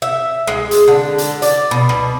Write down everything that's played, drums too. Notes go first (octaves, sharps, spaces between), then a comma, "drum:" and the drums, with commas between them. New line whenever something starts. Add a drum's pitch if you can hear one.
E5
G#3, drum: rim click
drum: hi-hat
D3
drum: hi-hat
D5, drum: hi-hat
B2
drum: rim click